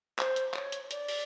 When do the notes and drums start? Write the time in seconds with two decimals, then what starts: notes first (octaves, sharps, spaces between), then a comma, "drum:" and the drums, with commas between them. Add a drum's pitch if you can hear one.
0.19 C5, drum: clap
0.36 drum: hi-hat
0.54 C#5, drum: clap
0.72 drum: hi-hat
0.91 D5, drum: hi-hat
1.08 drum: open hi-hat